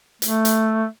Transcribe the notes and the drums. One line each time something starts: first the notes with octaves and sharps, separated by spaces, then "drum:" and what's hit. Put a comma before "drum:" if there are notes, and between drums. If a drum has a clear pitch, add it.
A3, drum: hi-hat
drum: hi-hat